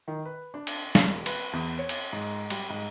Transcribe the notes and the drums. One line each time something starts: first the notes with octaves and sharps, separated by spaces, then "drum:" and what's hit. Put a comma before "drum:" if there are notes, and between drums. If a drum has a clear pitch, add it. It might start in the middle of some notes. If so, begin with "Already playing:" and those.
D#3
B4
D4
drum: cymbal
F2, drum: snare
E1
B4, drum: cymbal
E2
C#5
drum: cymbal
G#2
G3, drum: cymbal
G#2